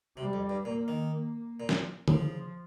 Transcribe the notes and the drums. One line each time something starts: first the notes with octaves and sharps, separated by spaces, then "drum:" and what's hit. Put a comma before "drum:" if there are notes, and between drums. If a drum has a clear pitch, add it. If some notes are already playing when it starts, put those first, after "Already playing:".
C3 G3
F2
G2
A#2 A#3
D#3
A#3
A#2
drum: snare
C#3 F3, drum: tom D3